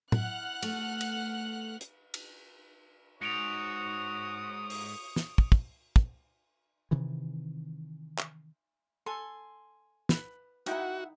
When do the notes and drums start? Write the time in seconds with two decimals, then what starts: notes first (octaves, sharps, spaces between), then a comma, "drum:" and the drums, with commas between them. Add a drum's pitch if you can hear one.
0.12 E4 F#5 F6 F#6, drum: tom
0.62 A3, drum: cymbal
1.01 drum: cymbal
1.81 drum: hi-hat
2.14 drum: cymbal
3.22 G#2 F#4 C#5 D#6 C#7 D7 F7
4.70 drum: open hi-hat
5.16 drum: snare
5.38 drum: kick
5.52 drum: kick
5.96 drum: kick
6.91 C3 D#3 E3
8.18 drum: clap
9.06 A4 G#5 C6
10.09 B4 B5, drum: snare
10.66 D#4 E4 F#4 E5 F#5 G5, drum: hi-hat